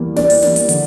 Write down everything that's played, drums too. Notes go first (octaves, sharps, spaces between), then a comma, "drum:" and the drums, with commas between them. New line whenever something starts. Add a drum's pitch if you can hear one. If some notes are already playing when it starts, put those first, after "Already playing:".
Already playing: E2 E3 G3 A#3
E2 D5, drum: snare
drum: open hi-hat
E3 G3 A#3, drum: snare
drum: hi-hat
D3, drum: hi-hat